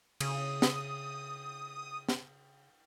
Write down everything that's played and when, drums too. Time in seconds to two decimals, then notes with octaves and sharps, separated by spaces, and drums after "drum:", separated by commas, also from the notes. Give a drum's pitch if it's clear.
0.20 C#3 D#6, drum: cymbal
0.62 drum: snare
2.09 drum: snare